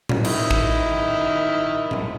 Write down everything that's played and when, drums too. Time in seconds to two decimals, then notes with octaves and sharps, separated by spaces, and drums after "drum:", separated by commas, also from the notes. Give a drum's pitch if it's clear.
0.09 drum: tom A2
0.24 D#3 E4 D#5, drum: cymbal
0.51 drum: kick
1.91 drum: tom A#2